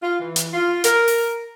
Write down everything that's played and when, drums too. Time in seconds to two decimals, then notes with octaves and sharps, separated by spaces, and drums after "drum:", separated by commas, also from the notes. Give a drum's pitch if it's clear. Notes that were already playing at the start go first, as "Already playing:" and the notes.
0.02 F4
0.19 E3
0.36 drum: hi-hat
0.53 F4
0.84 A#4, drum: hi-hat
1.08 drum: open hi-hat